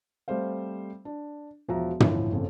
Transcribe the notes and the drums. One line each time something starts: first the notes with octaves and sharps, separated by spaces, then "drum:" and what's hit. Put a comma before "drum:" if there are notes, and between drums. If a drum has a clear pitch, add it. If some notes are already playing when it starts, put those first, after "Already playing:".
G3 A3 C4 C5 F5
D4
E1 F3 F#4 E5 A#5
D2 A2 E3 F3, drum: tom
G1 F2 C#3